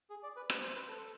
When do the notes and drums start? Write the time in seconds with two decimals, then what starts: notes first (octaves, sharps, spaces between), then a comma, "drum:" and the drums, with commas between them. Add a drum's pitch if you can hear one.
0.10 G#4
0.23 D5
0.37 B4
0.50 C5, drum: rim click
0.62 C5
0.76 B4
0.89 A4